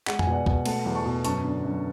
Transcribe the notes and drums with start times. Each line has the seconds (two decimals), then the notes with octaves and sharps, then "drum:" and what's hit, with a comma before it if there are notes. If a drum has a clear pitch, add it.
0.07 G#3 F#5, drum: clap
0.19 G#5, drum: tom F2
0.27 B2
0.32 D5 F#5
0.46 B2, drum: kick
0.66 A3 F#5 A5, drum: cymbal
0.86 E2
0.95 A5 C#6
1.05 B2
1.25 F#2 A5 C#6, drum: hi-hat
1.45 D3
1.64 F#2